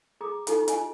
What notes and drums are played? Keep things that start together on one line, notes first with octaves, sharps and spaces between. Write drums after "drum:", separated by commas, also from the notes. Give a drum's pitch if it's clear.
G#4 A#5 D6 D#6
D#4 F4 G4 A4 A#5, drum: hi-hat
F4 D#5 G#5, drum: hi-hat